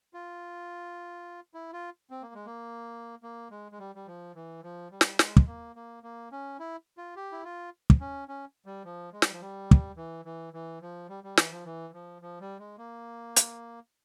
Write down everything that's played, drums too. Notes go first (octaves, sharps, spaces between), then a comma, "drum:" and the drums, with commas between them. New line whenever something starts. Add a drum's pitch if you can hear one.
F4
E4
F4
C4
A#3
G#3
A#3
A#3
G#3
G#3
G3
G3
F3
E3
F3
G3
drum: snare
G#3, drum: snare
drum: kick
A#3
A#3
A#3
C#4
E4
F4
G4
E4
F4
drum: kick
C#4
C#4
G3
F3
G#3
G3, drum: snare
F3
G3
drum: kick
E3
E3
E3
F3
G3
G3
E3, drum: snare
F3
E3
F3
F3
G3
G#3
A#3
drum: hi-hat